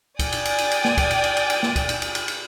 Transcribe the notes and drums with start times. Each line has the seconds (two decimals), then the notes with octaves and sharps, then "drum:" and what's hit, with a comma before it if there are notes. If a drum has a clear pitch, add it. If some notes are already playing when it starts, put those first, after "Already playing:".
0.19 D5 G5 G#5 D#6, drum: kick, cymbal
0.32 drum: cymbal
0.45 drum: cymbal
0.58 drum: cymbal
0.71 drum: cymbal
0.84 drum: snare A#3
0.98 drum: kick, cymbal
1.11 drum: cymbal
1.24 drum: cymbal
1.37 drum: cymbal
1.50 drum: cymbal
1.63 drum: snare A#3
1.76 drum: kick, cymbal
1.89 drum: cymbal
2.02 drum: cymbal
2.15 drum: cymbal
2.28 drum: cymbal